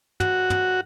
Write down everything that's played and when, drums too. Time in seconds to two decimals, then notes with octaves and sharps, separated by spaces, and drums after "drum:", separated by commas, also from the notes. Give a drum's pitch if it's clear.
0.20 F#4, drum: tom
0.50 drum: tom